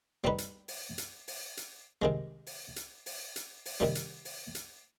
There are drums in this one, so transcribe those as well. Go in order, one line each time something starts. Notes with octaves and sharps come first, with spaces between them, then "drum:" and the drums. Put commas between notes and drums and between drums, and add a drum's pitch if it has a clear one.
G3 C4 D#4 B4
drum: hi-hat
drum: open hi-hat
drum: hi-hat
drum: open hi-hat
drum: hi-hat
C3 D#3 G#3
drum: open hi-hat
drum: hi-hat
drum: open hi-hat
drum: hi-hat
drum: open hi-hat
C3 D#3 G3
drum: hi-hat
drum: open hi-hat
drum: hi-hat